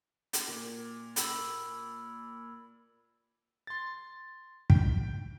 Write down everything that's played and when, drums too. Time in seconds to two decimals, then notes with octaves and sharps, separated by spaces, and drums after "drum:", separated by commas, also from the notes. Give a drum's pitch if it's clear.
0.33 drum: hi-hat
0.48 A#2
1.16 B5 E6 F#7, drum: hi-hat
3.67 C6 A6
4.70 G5, drum: kick